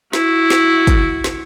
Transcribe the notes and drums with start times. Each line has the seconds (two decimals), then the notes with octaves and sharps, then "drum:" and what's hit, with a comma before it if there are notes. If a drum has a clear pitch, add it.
0.13 E4 F#4, drum: snare
0.50 drum: snare
0.87 drum: kick, hi-hat
1.24 drum: snare